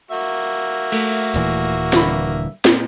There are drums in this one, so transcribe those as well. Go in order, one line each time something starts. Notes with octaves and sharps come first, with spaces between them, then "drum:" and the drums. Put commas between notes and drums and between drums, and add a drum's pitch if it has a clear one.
A#3 F#4 E5
A3, drum: cymbal
D#1 A#2 E3, drum: hi-hat
G2 D3 B5, drum: snare
A#2 C4, drum: snare